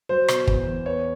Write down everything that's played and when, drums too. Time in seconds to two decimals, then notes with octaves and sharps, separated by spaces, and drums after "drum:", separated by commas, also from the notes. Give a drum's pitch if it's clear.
0.09 F#3 C5
0.28 B2, drum: rim click
0.47 E2, drum: kick
0.67 E2
0.86 B3 C#5